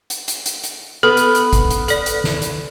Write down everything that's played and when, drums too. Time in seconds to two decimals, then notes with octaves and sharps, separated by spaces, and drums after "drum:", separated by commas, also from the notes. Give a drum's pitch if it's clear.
0.10 drum: hi-hat
0.28 drum: hi-hat
0.46 drum: hi-hat
0.64 drum: hi-hat
1.03 B3 A4
1.17 drum: hi-hat
1.35 drum: hi-hat
1.53 drum: kick G#1, hi-hat
1.70 drum: hi-hat
1.88 A4 D5, drum: hi-hat
2.06 drum: hi-hat
2.24 drum: snare
2.42 drum: hi-hat